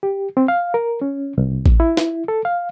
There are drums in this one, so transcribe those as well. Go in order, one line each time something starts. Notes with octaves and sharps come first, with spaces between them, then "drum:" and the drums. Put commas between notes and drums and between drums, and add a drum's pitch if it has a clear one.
G4
C4
F5
A#4
C#4
C2
drum: kick A1
E4
drum: snare
A4
F5